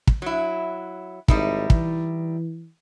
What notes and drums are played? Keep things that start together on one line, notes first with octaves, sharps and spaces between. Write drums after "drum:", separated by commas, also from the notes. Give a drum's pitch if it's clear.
drum: kick
F#3 E4
G#1 G3 D#4 E4, drum: kick
E3, drum: kick